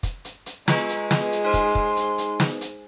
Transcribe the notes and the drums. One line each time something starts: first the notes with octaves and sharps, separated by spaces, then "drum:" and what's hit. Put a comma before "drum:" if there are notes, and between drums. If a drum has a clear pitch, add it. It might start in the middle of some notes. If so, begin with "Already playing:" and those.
drum: kick, hi-hat
drum: hi-hat
drum: hi-hat
G#3 F4 G#4 B4, drum: snare
drum: hi-hat
drum: snare
drum: hi-hat
D#4 C5 C6
drum: kick, hi-hat
drum: kick
drum: hi-hat
drum: hi-hat
drum: snare
drum: hi-hat